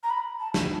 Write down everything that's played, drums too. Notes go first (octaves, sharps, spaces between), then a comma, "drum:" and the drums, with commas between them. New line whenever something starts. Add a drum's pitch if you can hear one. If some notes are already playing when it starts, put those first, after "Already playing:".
A#5
B5
A5
drum: snare